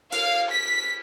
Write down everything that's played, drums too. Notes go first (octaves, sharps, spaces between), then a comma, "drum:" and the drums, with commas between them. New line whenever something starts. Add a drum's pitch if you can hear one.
F5, drum: cymbal
B6